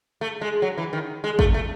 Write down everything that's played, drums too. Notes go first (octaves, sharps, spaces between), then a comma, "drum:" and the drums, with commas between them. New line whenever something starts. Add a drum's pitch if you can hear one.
A3
G#3
F#3
E3
D#3
G#3
A3, drum: kick
A3